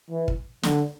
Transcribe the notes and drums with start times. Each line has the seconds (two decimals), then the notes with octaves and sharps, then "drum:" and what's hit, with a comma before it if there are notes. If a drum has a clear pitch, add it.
0.10 E3
0.28 drum: kick
0.63 D3, drum: snare